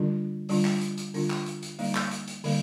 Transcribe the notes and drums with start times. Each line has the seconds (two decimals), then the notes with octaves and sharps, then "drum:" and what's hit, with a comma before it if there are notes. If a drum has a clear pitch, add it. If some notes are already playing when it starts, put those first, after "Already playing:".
Already playing: D3 G3 D4 F4
0.49 D3 G3 D4 F4, drum: open hi-hat
0.65 drum: clap
0.81 drum: hi-hat
0.98 drum: hi-hat
1.14 D3 G3 D4 F4, drum: open hi-hat
1.30 drum: clap
1.46 drum: hi-hat
1.63 drum: hi-hat
1.79 D3 G3 A#3 D#4, drum: open hi-hat
1.95 drum: clap
2.11 drum: hi-hat
2.28 drum: hi-hat
2.44 D3 G3 A#3 D#4, drum: open hi-hat